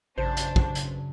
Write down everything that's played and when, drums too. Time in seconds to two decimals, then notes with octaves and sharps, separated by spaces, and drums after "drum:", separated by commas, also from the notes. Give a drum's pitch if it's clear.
0.18 A1 F#2 C#3 D4 C5
0.37 drum: hi-hat
0.56 drum: kick
0.75 drum: hi-hat